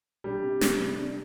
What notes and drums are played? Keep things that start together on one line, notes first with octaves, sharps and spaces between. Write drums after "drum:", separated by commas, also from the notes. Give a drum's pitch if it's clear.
G3 D4
C3
C3, drum: snare
G3
D4